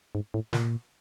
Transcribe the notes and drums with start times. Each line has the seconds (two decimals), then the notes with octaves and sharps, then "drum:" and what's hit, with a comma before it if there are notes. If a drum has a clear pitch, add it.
0.15 G#2
0.34 A2
0.53 A#2, drum: snare